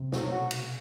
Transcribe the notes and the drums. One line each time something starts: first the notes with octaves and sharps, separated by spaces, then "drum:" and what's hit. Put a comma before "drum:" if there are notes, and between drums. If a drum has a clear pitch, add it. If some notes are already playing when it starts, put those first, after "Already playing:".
Already playing: C3
B2 F#3, drum: snare
F#4
drum: cymbal